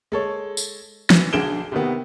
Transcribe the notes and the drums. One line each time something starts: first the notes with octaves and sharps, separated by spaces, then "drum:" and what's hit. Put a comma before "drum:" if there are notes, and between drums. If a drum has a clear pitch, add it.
G#3 A4 C#5
drum: tambourine
E3, drum: snare
B1 D3 G#4 D7 E7 G7
C3 D#3 B3